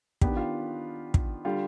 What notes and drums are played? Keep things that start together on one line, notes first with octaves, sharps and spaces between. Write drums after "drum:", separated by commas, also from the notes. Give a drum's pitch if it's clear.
D#3 B3 D4 G4, drum: kick
F4
drum: kick
D3 G3 F4